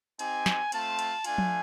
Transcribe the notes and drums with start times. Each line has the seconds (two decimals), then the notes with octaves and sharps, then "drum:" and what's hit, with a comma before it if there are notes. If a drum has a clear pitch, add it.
0.19 C4 D#4 G4 G#5, drum: cymbal
0.46 drum: snare
0.72 A3 C4 F4 A5, drum: cymbal
0.99 drum: cymbal
1.24 A3 D4 F4 G#5, drum: cymbal
1.38 drum: tom F3